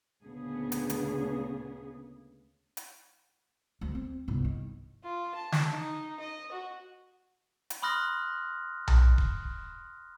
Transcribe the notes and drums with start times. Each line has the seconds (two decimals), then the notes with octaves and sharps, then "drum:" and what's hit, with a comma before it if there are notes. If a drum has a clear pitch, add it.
0.23 D2 A#2 C#3 B3 G#4
0.72 drum: hi-hat
0.90 drum: hi-hat
2.77 drum: hi-hat
3.81 D2 F#3
3.95 C4
4.28 G1 C2
4.45 D#3
5.04 F4
5.35 A5
5.52 drum: snare
5.71 D#4
6.20 D#5
6.52 F#4
7.70 drum: hi-hat
7.83 B5 C6 D#6 F6 F#6 A#6
8.88 drum: tom B1
9.18 drum: kick D#1